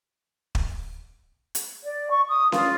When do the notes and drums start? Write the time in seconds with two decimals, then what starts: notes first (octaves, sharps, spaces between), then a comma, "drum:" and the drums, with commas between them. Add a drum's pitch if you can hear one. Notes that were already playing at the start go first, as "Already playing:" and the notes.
0.55 drum: kick
1.55 drum: hi-hat
1.83 D5
2.10 C#6
2.28 D#6
2.52 F4, drum: snare C#4